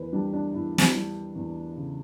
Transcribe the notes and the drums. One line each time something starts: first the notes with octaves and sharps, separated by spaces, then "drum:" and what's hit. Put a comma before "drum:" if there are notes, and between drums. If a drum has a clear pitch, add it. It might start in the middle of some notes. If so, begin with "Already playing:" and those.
Already playing: E2 B4
G3 D4
D4
E2 E4
drum: snare
G3
E2
C#3